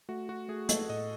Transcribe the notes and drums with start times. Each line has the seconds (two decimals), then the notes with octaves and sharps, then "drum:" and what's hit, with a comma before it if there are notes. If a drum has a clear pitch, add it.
0.09 A3 F#4
0.29 F#4
0.48 A3 G#4
0.69 A4, drum: hi-hat
0.89 A2 D#5